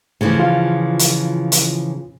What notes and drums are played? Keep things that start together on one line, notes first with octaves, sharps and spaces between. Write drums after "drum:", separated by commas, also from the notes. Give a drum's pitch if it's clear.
C#3 E3 F3 A3
F4
drum: hi-hat
drum: hi-hat